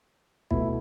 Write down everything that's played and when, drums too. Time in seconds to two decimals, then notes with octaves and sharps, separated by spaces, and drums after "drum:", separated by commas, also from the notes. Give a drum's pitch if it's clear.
0.51 B2 A3 E4, drum: kick